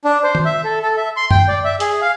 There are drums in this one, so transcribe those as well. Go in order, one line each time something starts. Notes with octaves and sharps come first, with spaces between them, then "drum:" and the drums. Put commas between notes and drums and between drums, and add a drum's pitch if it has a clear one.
D4
C5
drum: tom
E5
A4
A4
E5
C6
G5, drum: tom F#2
D5
E5
G#4, drum: hi-hat
F5